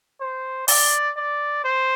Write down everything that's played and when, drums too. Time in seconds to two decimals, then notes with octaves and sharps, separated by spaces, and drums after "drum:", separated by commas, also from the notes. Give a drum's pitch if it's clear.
0.20 C5
0.68 D5, drum: open hi-hat
1.17 D5
1.64 C5